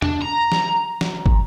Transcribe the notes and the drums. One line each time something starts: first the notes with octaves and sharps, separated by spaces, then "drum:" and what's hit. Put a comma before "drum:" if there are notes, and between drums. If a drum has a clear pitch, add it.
D4, drum: tom E2
A#5
drum: snare
drum: snare
drum: kick